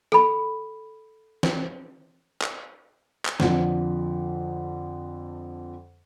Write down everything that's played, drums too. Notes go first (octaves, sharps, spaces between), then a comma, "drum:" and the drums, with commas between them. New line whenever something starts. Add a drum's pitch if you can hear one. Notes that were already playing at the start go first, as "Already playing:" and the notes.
A4 B5, drum: rim click
drum: snare
drum: clap
drum: clap
F2 D3 F3, drum: snare